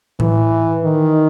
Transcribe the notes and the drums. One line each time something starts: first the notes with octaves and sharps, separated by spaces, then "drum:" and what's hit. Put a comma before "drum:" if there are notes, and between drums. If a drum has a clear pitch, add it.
E3, drum: tom A2
D#3